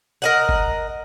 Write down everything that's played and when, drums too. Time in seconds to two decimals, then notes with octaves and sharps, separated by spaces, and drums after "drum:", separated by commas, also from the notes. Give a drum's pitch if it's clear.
0.22 A#4 D#5 F#5
0.49 drum: kick G1